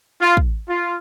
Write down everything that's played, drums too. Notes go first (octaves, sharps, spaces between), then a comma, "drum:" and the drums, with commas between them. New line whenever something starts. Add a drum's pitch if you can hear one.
F4
drum: kick
F4